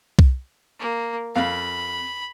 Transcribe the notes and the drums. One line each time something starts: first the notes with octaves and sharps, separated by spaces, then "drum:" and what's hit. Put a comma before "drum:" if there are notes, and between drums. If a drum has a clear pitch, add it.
drum: kick C2
A#3
F2 F5 B5